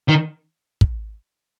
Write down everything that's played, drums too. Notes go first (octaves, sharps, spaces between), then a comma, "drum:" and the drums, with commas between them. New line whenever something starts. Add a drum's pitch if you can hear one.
D#3
drum: kick